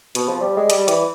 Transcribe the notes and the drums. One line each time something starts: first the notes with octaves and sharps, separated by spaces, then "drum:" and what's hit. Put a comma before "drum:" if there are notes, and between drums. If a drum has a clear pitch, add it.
B2, drum: hi-hat
F3
G3
G#3
G3, drum: hi-hat
E3, drum: hi-hat